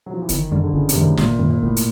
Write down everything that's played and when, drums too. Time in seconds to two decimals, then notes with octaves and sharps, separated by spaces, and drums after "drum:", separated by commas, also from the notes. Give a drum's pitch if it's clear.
0.06 F#3
0.14 F3
0.22 E3
0.29 G1 D#3, drum: hi-hat
0.51 F#2 D3 D#3 G3
0.63 D3
0.73 G1 C#3
0.89 C3, drum: hi-hat
0.96 F#2 D#3 G3
1.02 A2
1.17 G1 A#2, drum: snare
1.39 F#2 D#3 G3
1.50 A#2
1.62 G1 A2
1.76 drum: hi-hat